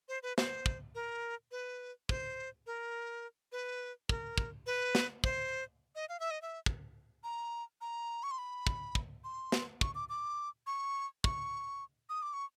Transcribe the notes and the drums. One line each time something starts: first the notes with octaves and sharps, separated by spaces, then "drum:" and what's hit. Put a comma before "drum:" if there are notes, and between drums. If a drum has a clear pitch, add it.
C5
B4
C5, drum: snare
drum: kick
A#4
B4
C5, drum: kick
A#4
B4
A#4, drum: kick
drum: kick
B4
drum: snare
C5, drum: kick
D#5
F5
E5
D#5
E5
drum: kick
A#5
A#5
C#6
C6
B5
drum: kick
drum: kick
C6
drum: snare
C#6, drum: kick
D6
D6
C#6
C#6, drum: kick
D#6
D6
C#6